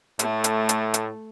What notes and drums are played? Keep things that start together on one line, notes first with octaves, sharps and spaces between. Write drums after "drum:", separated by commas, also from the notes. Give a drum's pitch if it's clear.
A2 A3, drum: hi-hat
drum: hi-hat
drum: hi-hat
drum: hi-hat